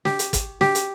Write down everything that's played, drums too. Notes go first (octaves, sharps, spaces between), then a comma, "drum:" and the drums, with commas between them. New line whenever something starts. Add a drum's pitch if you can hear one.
G4, drum: snare
drum: hi-hat
drum: kick, hi-hat
G4, drum: snare
drum: hi-hat